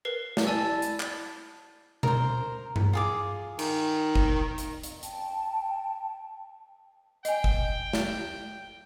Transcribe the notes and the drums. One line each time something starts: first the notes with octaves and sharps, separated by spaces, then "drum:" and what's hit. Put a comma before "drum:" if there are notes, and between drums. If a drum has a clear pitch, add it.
A#4 B4 C7
drum: snare
E4 D5 G#5 A5 E6
drum: hi-hat
drum: clap
A#4 C5, drum: tom B2
drum: tom G2
F4 G#4 D6
D#3, drum: cymbal
drum: kick G1
drum: hi-hat
drum: hi-hat
G5 A5, drum: hi-hat
D#5 G5 G#5, drum: hi-hat
drum: kick G1
drum: snare